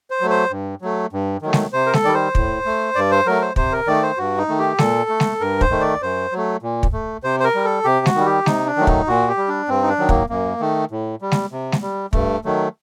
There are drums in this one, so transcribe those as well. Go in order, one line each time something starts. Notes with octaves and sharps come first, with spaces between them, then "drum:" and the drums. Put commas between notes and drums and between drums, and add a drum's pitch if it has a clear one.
C5
F#3 A3
C5
G2
F#3 A3
G2
D#3 F#3 A3
drum: snare G#3
C3 C5
A#4
A4, drum: snare G#3
D#3 G3 D5
C5
A2, drum: kick
A3
G2 D5
C5
F#3 A3 A#4
C5
C3 C5, drum: kick
A#4
D#3 A3 D5
C5
G2 F#4
D#4
D#3 A3
G4
A#2 A4, drum: snare G#3
A3
drum: snare G#3
G2 A#4
C5, drum: kick
D#3 A3
D5
F#2 C5
F#3 A3
A#2
drum: kick
A3
C3 C5
C5
A#4
G3
A4
C3 G4
F#4, drum: snare G#3
D#3 G3
G4
C3 D#4, drum: snare G#3
D4
D#3 F#3 A3
D#4, drum: kick
A#2 F#4
G4
G3
D4
G2 C4
D#4
D4
D#3 F#3
A#3, drum: kick
F#2 A#3
D#3 A3
A2
G3
drum: snare G#3
C3
drum: snare G#3
G3
G2 A3, drum: kick
D#3 F#3 A3